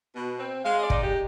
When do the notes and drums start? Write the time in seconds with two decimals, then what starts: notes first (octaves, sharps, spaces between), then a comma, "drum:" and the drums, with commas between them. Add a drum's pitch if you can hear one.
0.15 B2
0.39 C4
0.65 G#3 F5
0.79 D#5
0.84 D5
0.90 D#4, drum: kick
1.03 G4